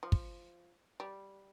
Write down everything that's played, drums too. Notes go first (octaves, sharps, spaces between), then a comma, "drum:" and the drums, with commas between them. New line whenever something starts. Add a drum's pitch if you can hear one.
F3
drum: kick
G3